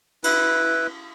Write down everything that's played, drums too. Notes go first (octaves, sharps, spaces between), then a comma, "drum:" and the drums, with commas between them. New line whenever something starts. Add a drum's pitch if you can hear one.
E4 B4, drum: cymbal